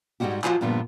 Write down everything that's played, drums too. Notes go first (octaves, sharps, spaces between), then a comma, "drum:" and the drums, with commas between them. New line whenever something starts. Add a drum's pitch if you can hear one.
G#2 G3 G#3 C#4 F#4 G4
F3 F4 F#4 C5 G#5, drum: clap
G2 A#2 D3 F3 G3 B3